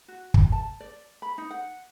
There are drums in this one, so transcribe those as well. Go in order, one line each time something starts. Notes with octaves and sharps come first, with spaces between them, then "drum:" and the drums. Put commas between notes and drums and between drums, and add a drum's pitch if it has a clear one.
F#4
drum: kick
A5
D5
B5
D#4
F#5